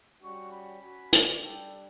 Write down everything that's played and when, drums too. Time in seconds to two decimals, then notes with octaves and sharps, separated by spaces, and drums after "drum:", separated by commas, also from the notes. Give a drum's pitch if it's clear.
0.21 G3 C#4 F#4 C#6
0.51 B5
0.82 C#4 F#4
1.13 D5, drum: hi-hat
1.42 G3 D4 G4 A4